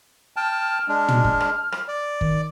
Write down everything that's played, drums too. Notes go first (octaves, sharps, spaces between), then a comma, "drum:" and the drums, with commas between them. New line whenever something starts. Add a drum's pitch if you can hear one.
G5 A5 F6
G#3 D4
drum: tom
drum: kick F#1
drum: rim click
drum: rim click
D5
D#3, drum: kick F#1